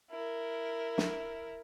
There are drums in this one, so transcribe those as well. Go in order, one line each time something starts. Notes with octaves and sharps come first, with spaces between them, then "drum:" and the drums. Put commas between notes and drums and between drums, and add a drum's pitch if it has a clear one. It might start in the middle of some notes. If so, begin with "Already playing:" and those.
E4 A#4
drum: snare